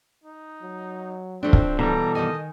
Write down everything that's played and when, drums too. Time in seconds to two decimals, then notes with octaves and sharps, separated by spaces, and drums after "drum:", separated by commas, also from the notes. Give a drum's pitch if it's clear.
0.24 D#4
0.62 F#3
1.43 F3 A3 C4 D4
1.53 drum: kick
1.79 B2 E3 G3 A4 A#5
2.15 D#3 D#5 G#5